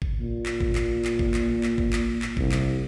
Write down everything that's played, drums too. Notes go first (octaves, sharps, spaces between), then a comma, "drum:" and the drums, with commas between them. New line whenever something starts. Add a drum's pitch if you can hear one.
drum: kick G#1
A#2
drum: clap
drum: kick G#1
drum: clap
drum: clap
drum: kick G#1
drum: clap
drum: clap
drum: kick G#1
drum: clap
drum: clap
C2, drum: kick G#1
drum: clap